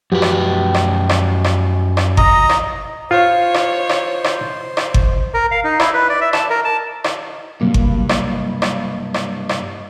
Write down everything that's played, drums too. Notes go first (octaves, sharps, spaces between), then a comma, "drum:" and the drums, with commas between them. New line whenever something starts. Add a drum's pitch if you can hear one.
F#2 F3 F#4 G4 B4
drum: rim click
drum: rim click
drum: rim click
drum: rim click
drum: rim click
D#5 A#5, drum: kick G1
drum: rim click
F4 C5 C#5
drum: rim click
drum: rim click
drum: rim click
drum: rim click
drum: kick G1
A#4
F5
D#4
E4, drum: rim click
B4
D5
E5
A5, drum: rim click
A#4
A5
drum: rim click
G2 C3 F#3 A#3
drum: kick G1
drum: rim click
drum: rim click
drum: rim click
drum: rim click